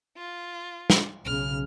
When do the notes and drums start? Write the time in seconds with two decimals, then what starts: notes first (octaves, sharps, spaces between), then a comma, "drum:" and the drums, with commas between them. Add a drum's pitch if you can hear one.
0.17 F4
0.90 drum: snare
1.25 B1 C#3 F6